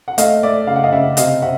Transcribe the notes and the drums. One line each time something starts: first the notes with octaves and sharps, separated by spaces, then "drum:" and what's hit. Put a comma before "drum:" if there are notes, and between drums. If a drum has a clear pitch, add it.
F#5
A3 D#5 F5, drum: hi-hat
A3 D5 E5
C#3 F5
F#5
D#5 F5
C#3 E5 F#5
C3 D#5 F5, drum: hi-hat
C3 E5 F#5